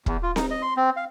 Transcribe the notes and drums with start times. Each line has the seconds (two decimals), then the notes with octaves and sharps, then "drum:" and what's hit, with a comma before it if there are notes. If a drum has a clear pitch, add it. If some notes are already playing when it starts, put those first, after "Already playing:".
0.06 E2, drum: kick
0.23 F4
0.36 D#4, drum: snare C4
0.51 D#5
0.62 C6
0.77 C4
0.96 F5